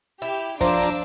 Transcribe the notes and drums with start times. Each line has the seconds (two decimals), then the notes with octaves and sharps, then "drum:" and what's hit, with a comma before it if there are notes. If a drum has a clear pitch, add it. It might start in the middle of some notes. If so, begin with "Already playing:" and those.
0.22 E4 G4
0.61 F3 A#3 D4 C5 D5 A#5 D6 E6, drum: kick, open hi-hat
0.81 drum: hi-hat